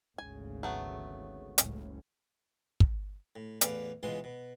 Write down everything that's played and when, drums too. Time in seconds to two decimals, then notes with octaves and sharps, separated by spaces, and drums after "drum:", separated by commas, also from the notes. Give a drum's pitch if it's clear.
0.18 G#1 D2 C#3 G#5
0.63 F#3 A3 B3
1.58 F#1 C#2 A2, drum: hi-hat
2.80 drum: kick
3.36 A2
3.61 E2 A2 E3 D5 F5, drum: hi-hat
4.03 C#2 B2 E3 G#3 F4 C6
4.24 B2